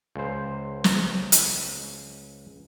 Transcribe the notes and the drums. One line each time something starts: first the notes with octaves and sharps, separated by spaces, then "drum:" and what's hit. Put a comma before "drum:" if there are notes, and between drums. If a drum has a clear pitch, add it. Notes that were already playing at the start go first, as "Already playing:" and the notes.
C#2 C5
drum: snare
drum: hi-hat